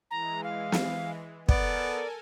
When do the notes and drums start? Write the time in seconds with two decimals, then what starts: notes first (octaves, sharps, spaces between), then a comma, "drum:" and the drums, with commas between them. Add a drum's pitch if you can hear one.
0.11 E3 G#3 A#5
0.44 F5
0.72 drum: snare
1.49 B3 A4 A#4 D5 G#5, drum: kick